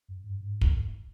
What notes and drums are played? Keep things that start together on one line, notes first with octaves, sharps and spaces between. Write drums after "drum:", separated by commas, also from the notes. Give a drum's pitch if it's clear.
F#2
G2
G#2
drum: kick